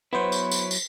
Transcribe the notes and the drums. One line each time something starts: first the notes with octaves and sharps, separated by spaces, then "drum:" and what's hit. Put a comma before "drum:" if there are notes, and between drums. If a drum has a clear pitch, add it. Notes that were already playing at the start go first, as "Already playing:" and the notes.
F#3 B3 E4 C5 C#5 B5
drum: tambourine
drum: tambourine
drum: tambourine